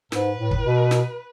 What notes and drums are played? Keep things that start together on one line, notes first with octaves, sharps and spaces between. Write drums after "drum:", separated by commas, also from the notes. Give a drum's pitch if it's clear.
G#2 B4, drum: snare
A2
drum: kick
B2
drum: snare